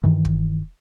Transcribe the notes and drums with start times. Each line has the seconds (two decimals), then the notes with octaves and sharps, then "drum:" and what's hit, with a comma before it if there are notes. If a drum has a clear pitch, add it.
0.04 G2 D#3 E3
0.25 drum: kick